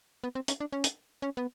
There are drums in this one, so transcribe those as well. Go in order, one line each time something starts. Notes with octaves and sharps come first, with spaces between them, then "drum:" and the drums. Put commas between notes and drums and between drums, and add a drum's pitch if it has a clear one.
B3
C4
C#4, drum: hi-hat
D4
C#4
drum: hi-hat
C#4
B3